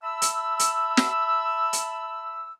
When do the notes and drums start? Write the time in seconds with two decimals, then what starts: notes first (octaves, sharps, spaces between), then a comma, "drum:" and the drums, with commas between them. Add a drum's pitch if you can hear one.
0.03 E5 A5 B5 E6
0.22 drum: hi-hat
0.59 drum: hi-hat
0.97 drum: snare
1.73 drum: hi-hat